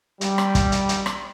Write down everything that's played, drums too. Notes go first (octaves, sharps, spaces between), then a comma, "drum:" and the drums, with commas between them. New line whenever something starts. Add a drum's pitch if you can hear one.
G3, drum: hi-hat
drum: rim click
drum: kick, hi-hat
drum: hi-hat
drum: hi-hat
drum: rim click